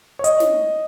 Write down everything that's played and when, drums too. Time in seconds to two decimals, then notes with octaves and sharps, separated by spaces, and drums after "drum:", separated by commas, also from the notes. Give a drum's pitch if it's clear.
0.19 C#5
0.24 D#5, drum: hi-hat
0.40 drum: snare